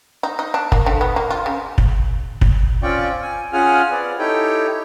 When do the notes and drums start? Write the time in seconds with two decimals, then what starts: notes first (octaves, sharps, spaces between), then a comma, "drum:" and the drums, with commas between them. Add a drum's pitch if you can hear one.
0.23 D#4
0.39 D#4
0.54 D4
0.72 A#3, drum: kick
0.86 D3
1.01 B3
1.16 A#3
1.30 F4
1.46 C#3
1.78 drum: kick
2.41 drum: kick
2.83 C4 C#4 F4 D5 G5 C#6
3.22 G#5
3.53 C#4 F4 G#4 F#5 G#5 F6
3.91 C4 B4 D5
4.19 D#4 E4 G4 A4 C#5 G5